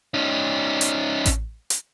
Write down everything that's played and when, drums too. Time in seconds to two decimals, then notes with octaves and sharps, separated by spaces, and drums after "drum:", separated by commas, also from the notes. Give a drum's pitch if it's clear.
0.14 C#4 D#4
0.81 drum: hi-hat
1.26 drum: kick A1, hi-hat
1.70 drum: hi-hat